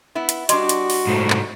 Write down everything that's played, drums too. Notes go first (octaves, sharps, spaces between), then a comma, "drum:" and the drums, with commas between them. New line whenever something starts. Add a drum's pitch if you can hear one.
B3 E4
drum: hi-hat
G3 D4 F#4 D#5 C6, drum: hi-hat
drum: hi-hat
drum: open hi-hat
G#2 A3
drum: clap